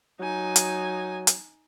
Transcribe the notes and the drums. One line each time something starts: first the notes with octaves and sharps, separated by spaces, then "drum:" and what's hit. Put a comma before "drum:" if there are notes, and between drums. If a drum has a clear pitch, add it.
F#3 D#4 G#5
drum: hi-hat
drum: hi-hat